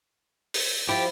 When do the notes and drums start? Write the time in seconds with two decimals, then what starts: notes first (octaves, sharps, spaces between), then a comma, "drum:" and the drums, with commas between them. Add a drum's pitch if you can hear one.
0.54 drum: open hi-hat
0.89 F3 E4 G4